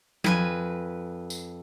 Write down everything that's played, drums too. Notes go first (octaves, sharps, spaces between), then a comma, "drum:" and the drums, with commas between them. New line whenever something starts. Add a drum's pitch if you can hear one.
F2 B4 G#5, drum: tom F3
drum: tambourine